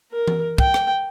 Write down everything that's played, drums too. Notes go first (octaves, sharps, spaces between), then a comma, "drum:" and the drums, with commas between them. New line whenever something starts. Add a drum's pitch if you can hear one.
A#4
drum: tom E3
G5, drum: kick
drum: rim click